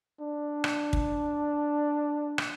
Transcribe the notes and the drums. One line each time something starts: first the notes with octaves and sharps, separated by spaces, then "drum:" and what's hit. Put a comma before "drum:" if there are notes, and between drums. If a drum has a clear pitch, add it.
D4
drum: rim click
drum: kick
drum: rim click